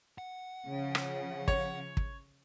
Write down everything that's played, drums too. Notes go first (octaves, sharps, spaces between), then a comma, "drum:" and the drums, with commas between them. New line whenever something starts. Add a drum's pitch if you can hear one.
F#5
C#3 F3
drum: rim click
C#5, drum: kick
drum: kick